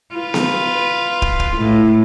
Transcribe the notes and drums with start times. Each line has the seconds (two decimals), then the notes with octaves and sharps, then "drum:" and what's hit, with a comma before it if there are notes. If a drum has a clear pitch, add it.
0.15 F4 B4
0.34 drum: snare B3
1.22 drum: kick
1.40 drum: kick
1.57 A2